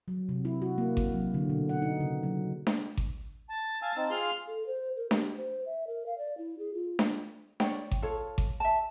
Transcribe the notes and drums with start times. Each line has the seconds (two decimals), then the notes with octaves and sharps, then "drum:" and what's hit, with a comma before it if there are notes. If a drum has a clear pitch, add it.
0.08 F#3
0.29 C3
0.45 E4
0.62 F#4
0.78 A#3
0.97 drum: kick G#1
1.14 F#3
1.34 D3
1.49 B2
1.69 F#5
1.82 D#4
2.00 C#3
2.23 F#3
2.67 drum: snare D4
2.97 drum: kick G#1
3.48 A5
3.82 F5 G#5 E6
3.96 C4 D#4 E6
4.10 F4 G#4 F5 C6
4.46 A4
4.67 C5
4.96 A#4
5.11 G4, drum: snare D4
5.37 C5
5.66 E5
5.87 A#4
6.06 F5
6.18 D5
6.38 E4
6.59 G#4
6.74 F4
6.99 drum: snare D4
7.60 C#5 D5 G5, drum: snare D4
7.91 drum: kick G#1
8.02 F4 A4 C#5
8.38 drum: kick G#1
8.60 E5 A5